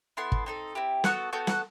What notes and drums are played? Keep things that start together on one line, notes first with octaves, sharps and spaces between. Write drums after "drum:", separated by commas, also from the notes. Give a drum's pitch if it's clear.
B3 E4 A4 C6
drum: kick
C4 D#4 A4
C4 E4 G4
B3 F#4 A4 F#5, drum: snare
B3 F#4 A4 G5
F#5, drum: snare